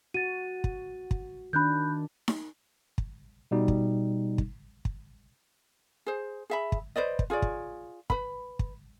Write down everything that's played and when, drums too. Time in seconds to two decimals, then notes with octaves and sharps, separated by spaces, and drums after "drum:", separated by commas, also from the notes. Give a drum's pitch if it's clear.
0.14 F#4 A6 D#7
0.64 drum: kick
1.11 drum: kick
1.53 D#3 D4 B5 F#6 G6
2.28 drum: snare D#4
2.98 drum: kick
3.51 B2 G3 D#4
3.68 drum: kick
4.38 drum: kick
4.85 drum: kick
6.06 G#4 C5
6.50 G#4 E5 B5
6.72 drum: kick
6.96 B4 C5 D5 D#5
7.19 drum: kick
7.30 F4 G#4 C#5 D5
7.42 drum: kick
8.10 B4 B5, drum: kick
8.59 drum: kick